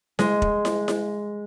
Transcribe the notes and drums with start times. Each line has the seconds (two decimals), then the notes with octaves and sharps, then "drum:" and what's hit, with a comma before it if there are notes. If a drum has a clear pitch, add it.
0.19 G#3, drum: snare E4
0.42 drum: kick
0.65 drum: snare E4
0.88 drum: snare E4